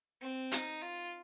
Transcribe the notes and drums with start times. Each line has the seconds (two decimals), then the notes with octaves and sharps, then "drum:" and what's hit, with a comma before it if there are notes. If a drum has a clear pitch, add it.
0.21 C4
0.52 D#4, drum: hi-hat
0.82 F4